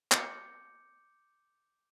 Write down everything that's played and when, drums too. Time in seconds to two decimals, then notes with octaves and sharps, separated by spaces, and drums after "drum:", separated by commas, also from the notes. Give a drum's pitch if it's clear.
0.12 D6 G6 C#7, drum: clap